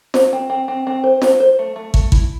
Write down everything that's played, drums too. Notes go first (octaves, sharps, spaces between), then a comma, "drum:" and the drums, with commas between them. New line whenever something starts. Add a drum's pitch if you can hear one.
C5, drum: snare
C4
C4
C4
C4
C5
C5, drum: snare
C5
A3
A3
A3, drum: kick
E4, drum: kick